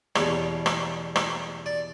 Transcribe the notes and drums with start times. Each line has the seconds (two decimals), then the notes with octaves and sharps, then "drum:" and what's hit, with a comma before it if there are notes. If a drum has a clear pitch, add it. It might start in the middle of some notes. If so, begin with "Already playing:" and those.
0.15 E2 B2 G3 C#5, drum: rim click
0.66 drum: rim click
1.16 drum: rim click
1.66 D5